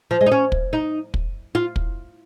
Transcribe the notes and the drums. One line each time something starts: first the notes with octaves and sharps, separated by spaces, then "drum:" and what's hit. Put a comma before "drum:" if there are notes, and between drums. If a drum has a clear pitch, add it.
F3
G#3
D#4
C#4
drum: kick
D#4
drum: kick
F4
drum: kick